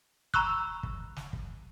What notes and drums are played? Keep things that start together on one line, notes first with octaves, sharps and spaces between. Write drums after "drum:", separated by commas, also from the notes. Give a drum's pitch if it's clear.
A#5 B5 C#6 E6 F#6, drum: kick
drum: kick
drum: snare
drum: kick